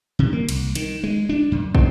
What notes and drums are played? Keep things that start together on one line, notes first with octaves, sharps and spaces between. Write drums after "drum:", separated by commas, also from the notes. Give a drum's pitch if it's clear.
C3
A#3
C2, drum: cymbal
D#3, drum: cymbal
G#3
D4
F#2
C4, drum: kick